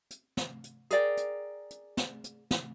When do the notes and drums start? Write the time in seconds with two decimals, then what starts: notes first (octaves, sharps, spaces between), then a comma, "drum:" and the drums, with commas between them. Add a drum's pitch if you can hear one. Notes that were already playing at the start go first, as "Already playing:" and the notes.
0.10 drum: hi-hat
0.37 drum: snare
0.64 drum: hi-hat
0.91 G#4 A#4 D5 G5, drum: hi-hat
1.17 drum: hi-hat
1.71 drum: hi-hat
1.97 drum: snare
2.24 drum: hi-hat
2.51 drum: snare